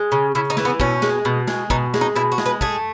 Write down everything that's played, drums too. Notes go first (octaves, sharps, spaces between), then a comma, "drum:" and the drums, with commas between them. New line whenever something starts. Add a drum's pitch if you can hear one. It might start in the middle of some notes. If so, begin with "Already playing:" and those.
Already playing: G#3
C#3
C#3 E4
D#4
E3, drum: snare
B3
B2 C#4, drum: kick
G#3, drum: snare
B2
G#3, drum: snare
B2 D#4, drum: kick
G#3, drum: snare
D#4
B2 E4
F#4
G#3, drum: snare
B4
A3 G#4, drum: kick